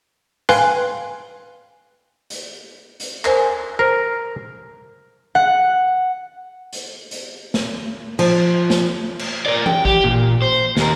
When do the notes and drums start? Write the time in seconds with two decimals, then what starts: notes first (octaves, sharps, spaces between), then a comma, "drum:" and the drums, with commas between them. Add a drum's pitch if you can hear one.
0.49 B4 F5 G5 G#5 C6 F#6, drum: hi-hat
2.30 drum: hi-hat
3.00 drum: hi-hat
3.25 A#4 C5 G#5, drum: clap
3.79 A#4 C5
5.35 F#5
6.73 drum: hi-hat
7.11 drum: hi-hat
7.54 drum: snare
8.19 F3, drum: cymbal
8.70 drum: snare
9.19 drum: cymbal
9.46 A#4 D5
9.66 G5, drum: tom E3
9.85 G4, drum: kick A1
10.04 A#2
10.42 C5
10.77 D#2 A#4, drum: snare